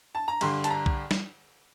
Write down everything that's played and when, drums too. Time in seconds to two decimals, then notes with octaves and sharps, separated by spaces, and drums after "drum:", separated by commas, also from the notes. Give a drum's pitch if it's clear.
0.15 A5
0.28 A#5
0.41 G2 D3 C6, drum: cymbal
0.64 A5, drum: hi-hat
0.70 A#5
0.86 drum: kick B1
1.11 drum: snare